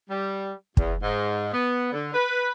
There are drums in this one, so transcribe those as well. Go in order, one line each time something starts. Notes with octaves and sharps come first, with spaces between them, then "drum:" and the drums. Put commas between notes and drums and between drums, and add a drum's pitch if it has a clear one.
G3
E2, drum: kick
G#2
B3
D3
B4